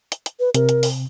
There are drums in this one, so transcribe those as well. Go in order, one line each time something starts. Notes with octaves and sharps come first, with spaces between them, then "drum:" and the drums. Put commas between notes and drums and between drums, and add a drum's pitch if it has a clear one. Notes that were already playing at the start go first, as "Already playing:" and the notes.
drum: hi-hat
drum: hi-hat
B4
C3 A#4, drum: hi-hat
drum: hi-hat
drum: open hi-hat